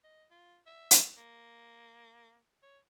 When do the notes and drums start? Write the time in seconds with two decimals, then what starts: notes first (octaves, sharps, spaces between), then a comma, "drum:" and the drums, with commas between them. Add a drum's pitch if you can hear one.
0.04 D#5
0.31 F4
0.66 E5
0.91 drum: hi-hat
1.17 A#3
2.63 C#5